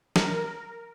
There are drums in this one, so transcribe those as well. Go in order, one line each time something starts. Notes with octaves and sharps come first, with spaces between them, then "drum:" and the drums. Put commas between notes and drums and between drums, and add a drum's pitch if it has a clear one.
A#4, drum: snare